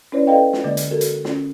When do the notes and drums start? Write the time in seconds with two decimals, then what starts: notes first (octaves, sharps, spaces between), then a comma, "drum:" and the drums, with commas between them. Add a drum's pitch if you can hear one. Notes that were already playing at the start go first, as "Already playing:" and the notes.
0.12 C#4 E4 B4 C#5 D5
0.27 A4 B4 D5 D#5 F5 G5
0.53 drum: snare
0.64 D3 G#3 A#3 D5 D#5
0.77 drum: hi-hat
0.91 F#4 A4 A#4
1.01 drum: hi-hat
1.25 C#4, drum: snare